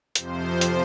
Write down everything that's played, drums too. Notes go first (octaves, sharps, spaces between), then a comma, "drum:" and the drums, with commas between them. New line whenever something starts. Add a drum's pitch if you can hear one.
F2 C3 F3 C5, drum: hi-hat
drum: hi-hat